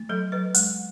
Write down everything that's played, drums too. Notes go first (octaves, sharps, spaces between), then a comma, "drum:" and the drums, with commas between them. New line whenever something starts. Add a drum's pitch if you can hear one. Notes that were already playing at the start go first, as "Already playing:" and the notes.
Already playing: A3
F#3 A4
F#3 B4
G#3, drum: hi-hat